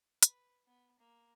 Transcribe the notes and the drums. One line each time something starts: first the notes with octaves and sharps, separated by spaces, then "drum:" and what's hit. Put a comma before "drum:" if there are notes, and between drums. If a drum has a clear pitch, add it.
B4, drum: hi-hat
B3
A#3